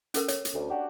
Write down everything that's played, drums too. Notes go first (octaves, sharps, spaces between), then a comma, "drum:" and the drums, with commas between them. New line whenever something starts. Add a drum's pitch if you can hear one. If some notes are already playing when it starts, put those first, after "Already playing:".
C#4 A4 A#4, drum: hi-hat
C#5, drum: hi-hat
drum: hi-hat
D2
D4 F#4 G4